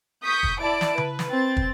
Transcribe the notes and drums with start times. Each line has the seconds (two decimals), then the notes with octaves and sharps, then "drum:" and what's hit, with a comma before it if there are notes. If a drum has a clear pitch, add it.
0.24 C#6 D#6 G6 B6
0.43 drum: kick
0.60 E4 D5 A5 D7
0.81 drum: snare
0.98 B4, drum: tom C#3
1.19 drum: snare
1.30 C4 A6
1.57 drum: kick